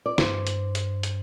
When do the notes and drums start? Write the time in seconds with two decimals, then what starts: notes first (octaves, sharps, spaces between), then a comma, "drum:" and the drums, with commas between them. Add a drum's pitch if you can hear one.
0.06 D5
0.18 G2 C5, drum: snare
0.47 drum: hi-hat
0.75 drum: hi-hat
1.03 drum: hi-hat